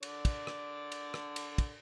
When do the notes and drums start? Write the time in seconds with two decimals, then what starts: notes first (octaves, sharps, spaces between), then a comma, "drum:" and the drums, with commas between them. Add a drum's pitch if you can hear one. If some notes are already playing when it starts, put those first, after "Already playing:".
0.03 D3 D5, drum: cymbal
0.25 drum: kick, cymbal
0.47 drum: rim click
0.92 drum: cymbal
1.14 drum: rim click
1.36 drum: cymbal
1.58 drum: kick, cymbal